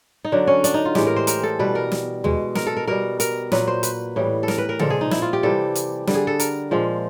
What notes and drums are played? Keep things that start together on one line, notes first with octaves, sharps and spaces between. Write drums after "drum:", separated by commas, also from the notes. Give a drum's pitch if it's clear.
D#4
D3 F#3 D4
C#4
D4, drum: hi-hat
D#4
F4
A2 E3 G#3 G4, drum: snare
A#4
C5
A#4, drum: hi-hat
A4
B2 G3 B4
A#4
drum: snare
B2 G#3, drum: tom
A#4, drum: snare
A4
A#4
B2 G3 A#4
A#4, drum: hi-hat
A#2 F#3 B4, drum: snare
C5
B4, drum: hi-hat
A2 E3 G3
A4
A#4, drum: snare
B4
A#4
A#2 F3 G#3 A4, drum: tom C#3
G#4
D#4
E4, drum: snare
F4
G4
C3 E3 G3 A4
drum: hi-hat
D3 G3, drum: snare
G#4
A4
A#4, drum: hi-hat
A#2 F3 G#3